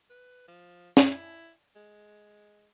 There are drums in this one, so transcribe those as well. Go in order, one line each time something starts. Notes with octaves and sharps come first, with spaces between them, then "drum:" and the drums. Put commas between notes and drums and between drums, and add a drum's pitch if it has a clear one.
B4
F3
E4, drum: snare
G#3